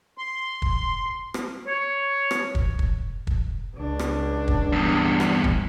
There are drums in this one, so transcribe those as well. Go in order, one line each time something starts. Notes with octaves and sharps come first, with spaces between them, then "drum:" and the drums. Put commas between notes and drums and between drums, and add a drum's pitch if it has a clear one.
C6
drum: kick
drum: rim click
C#5
drum: rim click
drum: kick
drum: kick
drum: kick
C#2 D4
drum: rim click
drum: kick
E2 G2
drum: rim click
drum: kick